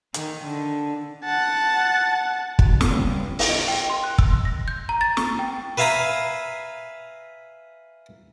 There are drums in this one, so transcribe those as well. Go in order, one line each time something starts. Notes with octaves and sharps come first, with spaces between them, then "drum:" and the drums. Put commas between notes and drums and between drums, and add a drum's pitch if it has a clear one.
D#3, drum: hi-hat
D3
F#5 A5
D2, drum: kick
drum: snare
C#3 G3 B3
drum: open hi-hat
D#5
G5
C6
F#6
E6, drum: kick
A#6
G6
A#5
A6
C#6, drum: snare
G5
B4 E5 F5 G#5 A#5 B5